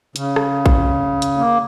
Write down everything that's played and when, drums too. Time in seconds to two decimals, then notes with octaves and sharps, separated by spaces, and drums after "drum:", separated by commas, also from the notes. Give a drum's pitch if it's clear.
0.16 C#3, drum: hi-hat
0.36 drum: rim click
0.66 drum: kick
1.22 drum: hi-hat
1.37 A#3